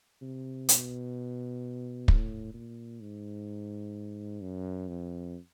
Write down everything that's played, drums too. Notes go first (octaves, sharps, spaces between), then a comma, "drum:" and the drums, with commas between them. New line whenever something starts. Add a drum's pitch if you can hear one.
C3
B2, drum: hi-hat
A2, drum: kick
A#2
G#2
F#2
F2